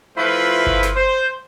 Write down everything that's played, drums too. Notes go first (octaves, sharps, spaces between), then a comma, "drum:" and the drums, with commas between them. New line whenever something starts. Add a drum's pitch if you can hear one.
F3 A3 E4 F4 B4
drum: kick G1
drum: snare
C5